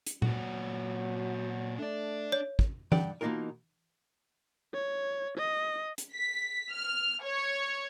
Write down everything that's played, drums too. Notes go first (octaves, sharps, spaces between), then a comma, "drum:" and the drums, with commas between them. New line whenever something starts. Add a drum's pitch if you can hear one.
drum: hi-hat
A#2 F#3 F#4, drum: tom A#2
A3 D4 D5
C#5
drum: kick
G2 G3 D5 F#5 G5, drum: tom E3
B2 E3 A#3 D#4 F4 A#4
C#5
D#5
drum: hi-hat
B6
F6
C#5